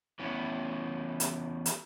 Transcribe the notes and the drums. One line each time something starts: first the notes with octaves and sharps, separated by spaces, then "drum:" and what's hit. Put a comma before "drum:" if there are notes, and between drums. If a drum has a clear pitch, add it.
E3 B3 C#4 E4
drum: hi-hat
drum: hi-hat